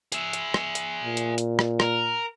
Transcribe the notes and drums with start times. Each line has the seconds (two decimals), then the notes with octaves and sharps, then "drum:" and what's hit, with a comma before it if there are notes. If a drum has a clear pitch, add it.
0.12 G#4 E5, drum: hi-hat
0.33 drum: hi-hat
0.54 drum: rim click
0.75 drum: hi-hat
1.04 A#2
1.17 drum: hi-hat
1.38 drum: hi-hat
1.59 drum: rim click
1.80 A#4, drum: rim click